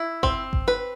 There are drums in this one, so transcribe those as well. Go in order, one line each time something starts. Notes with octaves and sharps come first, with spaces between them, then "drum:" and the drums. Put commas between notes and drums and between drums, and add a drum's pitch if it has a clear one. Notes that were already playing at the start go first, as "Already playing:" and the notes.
Already playing: E4
C4, drum: kick G#1
drum: kick G#1
B4